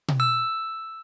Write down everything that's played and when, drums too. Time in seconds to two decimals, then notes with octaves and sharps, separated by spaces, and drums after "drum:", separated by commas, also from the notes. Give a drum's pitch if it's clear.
0.08 drum: tom B2
0.20 E6